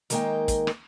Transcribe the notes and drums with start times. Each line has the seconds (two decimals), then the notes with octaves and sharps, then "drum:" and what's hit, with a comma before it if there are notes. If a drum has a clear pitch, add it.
0.10 D#3 G#3 A#3 D#4 D#5 G5, drum: hi-hat
0.48 drum: kick, hi-hat
0.67 drum: rim click